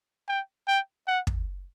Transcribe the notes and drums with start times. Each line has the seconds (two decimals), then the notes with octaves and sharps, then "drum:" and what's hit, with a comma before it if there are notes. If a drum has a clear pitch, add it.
0.28 G5
0.67 G5
1.07 F#5
1.27 drum: kick